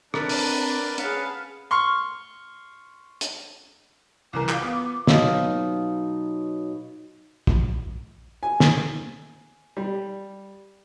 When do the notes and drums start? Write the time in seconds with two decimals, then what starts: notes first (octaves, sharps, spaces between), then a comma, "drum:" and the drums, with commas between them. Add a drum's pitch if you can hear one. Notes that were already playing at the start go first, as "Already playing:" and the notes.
0.14 C4 D4 A#4 B4 D5, drum: rim click
0.29 drum: open hi-hat
0.98 C#4 G#4 B4 F5 F#5 A5, drum: hi-hat
1.71 C6 C#6 F6
3.21 drum: hi-hat
4.33 C2 E3 A#4 D6
4.49 F4 F5, drum: clap
4.62 B3
5.07 B2 F#3 D#4 F4 F5, drum: snare
7.47 drum: kick
8.43 G#5
8.60 drum: snare
9.77 G3